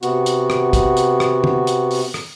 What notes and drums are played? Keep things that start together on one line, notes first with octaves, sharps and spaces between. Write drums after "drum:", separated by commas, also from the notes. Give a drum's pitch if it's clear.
C3 B3 F#4, drum: hi-hat
drum: hi-hat
drum: rim click
drum: kick, hi-hat
drum: hi-hat
drum: rim click
drum: tom
drum: hi-hat
drum: open hi-hat
drum: rim click